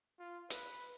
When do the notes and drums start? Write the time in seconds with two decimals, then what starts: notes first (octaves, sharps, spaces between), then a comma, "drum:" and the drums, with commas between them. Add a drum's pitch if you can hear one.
0.19 F4
0.50 B4, drum: hi-hat